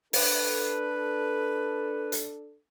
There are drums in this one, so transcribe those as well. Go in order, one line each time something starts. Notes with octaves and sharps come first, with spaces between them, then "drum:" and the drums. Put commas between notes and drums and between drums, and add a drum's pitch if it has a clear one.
D4 A4 B4, drum: open hi-hat
drum: hi-hat